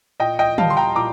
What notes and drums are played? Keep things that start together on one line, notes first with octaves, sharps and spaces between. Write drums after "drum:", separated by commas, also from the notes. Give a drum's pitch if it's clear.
A#2 D#5 G5
D#5 G5
G3 F5 A5, drum: tom
C6
G5 A#5
A#2 A#5 D6